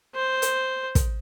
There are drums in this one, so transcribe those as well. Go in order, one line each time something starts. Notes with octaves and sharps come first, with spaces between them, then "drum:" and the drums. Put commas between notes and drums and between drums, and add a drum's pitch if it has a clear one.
C5
drum: hi-hat
drum: kick, hi-hat